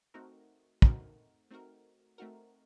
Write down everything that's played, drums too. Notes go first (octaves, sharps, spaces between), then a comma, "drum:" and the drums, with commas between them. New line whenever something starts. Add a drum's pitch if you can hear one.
A3 C4 D#4 F#4 A#4
A3 C4 D#4 F#4 A#4, drum: kick
A3 C4 D#4 F#4 A#4
A3 C4 D#4 F#4 A#4